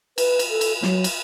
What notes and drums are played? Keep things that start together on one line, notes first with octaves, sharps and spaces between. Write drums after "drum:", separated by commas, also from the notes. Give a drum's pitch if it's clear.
B4, drum: cymbal
drum: cymbal
A4
drum: cymbal
F#3, drum: snare
drum: cymbal